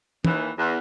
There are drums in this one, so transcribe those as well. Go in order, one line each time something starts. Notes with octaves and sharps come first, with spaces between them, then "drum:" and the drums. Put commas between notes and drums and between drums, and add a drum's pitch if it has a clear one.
D#2 E3, drum: tom
E2